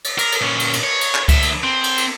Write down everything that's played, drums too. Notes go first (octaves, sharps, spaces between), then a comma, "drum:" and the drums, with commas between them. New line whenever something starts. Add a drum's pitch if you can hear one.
drum: cymbal
A#4, drum: cymbal
drum: cymbal
A#2 C#4
drum: cymbal
drum: cymbal
C#5
drum: cymbal
drum: clap
D2 E5, drum: kick C#2, cymbal
drum: cymbal
C4
drum: cymbal
drum: cymbal